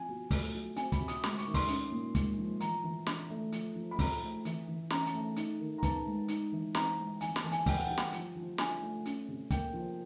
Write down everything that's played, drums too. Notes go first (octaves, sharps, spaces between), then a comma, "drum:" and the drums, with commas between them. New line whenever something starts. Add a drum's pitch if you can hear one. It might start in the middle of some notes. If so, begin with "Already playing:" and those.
Already playing: F3 C4 G#5
B2
A3, drum: kick, open hi-hat
F#3
C4 G#5, drum: hi-hat
B5, drum: kick, hi-hat
C3
D#6, drum: hi-hat
G#3 D6, drum: snare
C#6, drum: hi-hat
D#3
C6, drum: kick, open hi-hat
C#4, drum: hi-hat
A#2
G#3, drum: kick, hi-hat
F3
E3 A#5, drum: hi-hat
E3
D4, drum: snare
A3
F3, drum: hi-hat
F3
B5
C4 A#5, drum: kick, open hi-hat
A3
E3, drum: hi-hat
E3
C#4 A#5, drum: snare
A5, drum: hi-hat
A3
D#4, drum: hi-hat
D#3
A#5
B3 A5, drum: kick, hi-hat
G#3
D#4, drum: hi-hat
E3
C4 A#5, drum: snare
G#3
E3 G#5, drum: hi-hat
A5, drum: snare
E3
G#5, drum: hi-hat
B3 G5, drum: kick, open hi-hat
F#5
G3 G5
drum: snare
F3, drum: hi-hat
F3
D4 G#5, drum: snare
A3
C#4, drum: hi-hat
C3
A#3 G5, drum: kick, hi-hat
F3